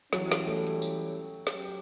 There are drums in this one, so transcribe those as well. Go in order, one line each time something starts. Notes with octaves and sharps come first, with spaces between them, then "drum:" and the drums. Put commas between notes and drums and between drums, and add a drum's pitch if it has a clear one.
E3 F#3 G3 C#4 E4 G4, drum: snare
drum: snare
A3
drum: hi-hat
drum: tambourine
F#3 C#4 G4, drum: snare